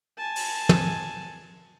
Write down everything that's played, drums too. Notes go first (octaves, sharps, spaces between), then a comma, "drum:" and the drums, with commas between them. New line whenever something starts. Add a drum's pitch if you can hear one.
G#5 A5
drum: open hi-hat
drum: tom